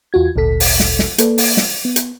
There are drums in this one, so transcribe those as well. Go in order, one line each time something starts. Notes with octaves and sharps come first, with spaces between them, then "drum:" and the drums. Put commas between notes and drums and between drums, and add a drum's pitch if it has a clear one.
E2 F4 F#4 G#6
G#1 D2 A#2 A4 B6
drum: open hi-hat
drum: snare
drum: snare
A#3 A4 B4 D5, drum: hi-hat
drum: open hi-hat
drum: snare
B3
drum: hi-hat